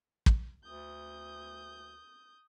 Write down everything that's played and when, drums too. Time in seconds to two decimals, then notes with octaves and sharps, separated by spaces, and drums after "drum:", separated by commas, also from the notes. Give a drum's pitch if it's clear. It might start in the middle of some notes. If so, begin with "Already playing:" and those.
0.26 drum: kick
0.64 D2 D#6 G6